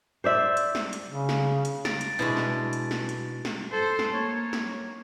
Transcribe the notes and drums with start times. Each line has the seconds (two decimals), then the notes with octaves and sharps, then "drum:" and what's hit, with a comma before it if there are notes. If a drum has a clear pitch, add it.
0.24 C5 D5 E5
0.57 drum: hi-hat
0.75 drum: snare
0.93 drum: hi-hat
1.07 C#3
1.29 drum: snare
1.65 drum: hi-hat
1.85 A#5 A6 D7, drum: snare
2.01 drum: hi-hat
2.19 B2 G#3 D4 E4
2.37 drum: snare
2.73 drum: hi-hat
2.91 drum: snare
3.09 drum: hi-hat
3.45 drum: snare
3.73 A4 C5
3.99 drum: snare
4.14 A#3 C#5
4.53 drum: snare